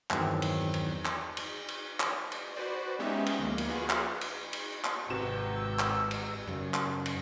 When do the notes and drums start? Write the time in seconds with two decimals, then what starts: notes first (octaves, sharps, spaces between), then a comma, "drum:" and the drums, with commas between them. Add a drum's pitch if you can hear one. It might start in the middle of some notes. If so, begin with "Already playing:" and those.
0.10 E2 G2 D#3 E3 F#3 C4, drum: clap
0.42 drum: cymbal
0.74 drum: cymbal
1.05 drum: clap
1.37 drum: cymbal
1.68 drum: cymbal
2.00 drum: clap
2.32 drum: cymbal
2.56 F#4 B4 C5 D5
2.99 G#3 B3 C#4 D#4 G4 E5
3.26 drum: cymbal
3.39 D2 F3 A#3
3.58 drum: cymbal
3.68 F4 F#4 G#4 B4
3.90 drum: clap
4.21 drum: cymbal
4.53 drum: cymbal
4.84 drum: clap
5.10 G#1 C3 F#4 B4 G5 E7
5.56 E6
5.79 drum: clap
6.11 drum: cymbal
6.48 F#2 C#3
6.74 drum: clap
7.06 drum: cymbal